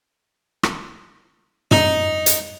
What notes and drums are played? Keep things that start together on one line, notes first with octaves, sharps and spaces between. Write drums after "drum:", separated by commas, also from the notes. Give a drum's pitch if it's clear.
drum: rim click
D#4, drum: tom
drum: hi-hat